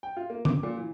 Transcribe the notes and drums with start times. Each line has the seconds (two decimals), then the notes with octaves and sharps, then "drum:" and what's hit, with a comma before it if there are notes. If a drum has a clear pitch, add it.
0.03 G5
0.17 F4
0.30 A#3
0.45 D6, drum: tom
0.63 A#2
0.77 E3